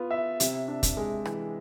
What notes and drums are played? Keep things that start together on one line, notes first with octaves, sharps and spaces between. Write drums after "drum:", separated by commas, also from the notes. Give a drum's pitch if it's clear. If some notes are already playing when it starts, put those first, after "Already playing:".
Already playing: B3 F4
E5
C3, drum: hi-hat
D4
drum: kick, hi-hat
G#3
E3, drum: rim click